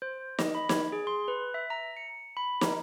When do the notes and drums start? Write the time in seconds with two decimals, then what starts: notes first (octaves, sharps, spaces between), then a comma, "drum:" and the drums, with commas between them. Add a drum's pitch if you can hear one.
0.02 C5
0.39 D#5, drum: snare
0.55 B5
0.69 G#6, drum: snare
0.92 G#4
1.07 C6
1.28 B4
1.54 E5
1.70 A#5
1.97 C#7
2.37 B5
2.61 D#4, drum: snare